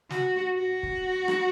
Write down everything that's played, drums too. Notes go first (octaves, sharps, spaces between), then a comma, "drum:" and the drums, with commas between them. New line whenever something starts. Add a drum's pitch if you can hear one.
F#4, drum: snare
F#4
drum: kick
drum: rim click